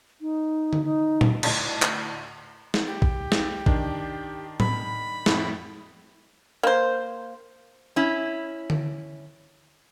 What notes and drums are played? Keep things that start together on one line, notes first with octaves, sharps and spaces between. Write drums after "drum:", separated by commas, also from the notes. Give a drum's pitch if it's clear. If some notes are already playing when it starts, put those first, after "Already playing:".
D#4
drum: tom D3
D#4
drum: tom A#2
D2 A2 D5 D#5 A5, drum: cymbal
drum: clap
drum: snare
G4
drum: kick
drum: snare
D#3 D4, drum: kick
B5, drum: tom A2
F2 A2, drum: snare
A#3 C5
C#4 E4
drum: tom D3